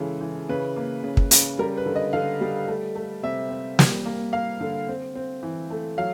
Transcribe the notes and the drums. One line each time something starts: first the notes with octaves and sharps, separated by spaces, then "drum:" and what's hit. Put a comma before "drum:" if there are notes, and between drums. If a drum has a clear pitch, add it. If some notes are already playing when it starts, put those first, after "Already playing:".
Already playing: C#3 E3 G#3 A4
E3
C#3 B4
A#3
C#3
drum: kick
C#3, drum: hi-hat
G3 A#4
B4
D3
D#5
D3 F5
G3
A3
A3
C3 E5
C4
G3, drum: snare
A#3
A#3 F5
D3
C4
C4
E3
A3
F#3 F5